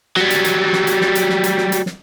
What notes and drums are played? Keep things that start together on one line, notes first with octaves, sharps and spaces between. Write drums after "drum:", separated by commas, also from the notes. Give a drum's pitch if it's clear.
F#3 G3, drum: snare
drum: hi-hat
drum: hi-hat
drum: snare
drum: hi-hat
drum: snare
drum: hi-hat
drum: snare
drum: hi-hat
drum: snare
drum: hi-hat
drum: snare